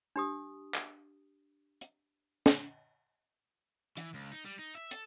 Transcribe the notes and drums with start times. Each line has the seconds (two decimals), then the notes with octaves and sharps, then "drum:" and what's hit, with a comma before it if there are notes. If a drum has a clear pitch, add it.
0.16 D4 G4 D#6
0.75 drum: clap
1.81 drum: hi-hat
2.46 drum: snare
3.97 E3, drum: hi-hat
4.14 C#2
4.32 D#4
4.45 G3
4.59 D#4
4.75 E5
4.91 A4, drum: hi-hat